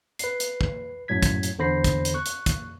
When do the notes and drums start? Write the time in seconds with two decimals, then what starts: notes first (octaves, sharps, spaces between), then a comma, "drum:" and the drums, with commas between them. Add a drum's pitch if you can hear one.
0.19 B4 C7, drum: hi-hat
0.40 drum: hi-hat
0.61 drum: kick
1.08 F#2 A2 F#3 G#6 B6
1.23 drum: kick, hi-hat
1.43 drum: hi-hat
1.59 E2 D3 C5 B5 A#6 C7
1.84 drum: kick, hi-hat
2.05 drum: hi-hat
2.14 C#6 F#6
2.26 drum: hi-hat
2.46 drum: kick, hi-hat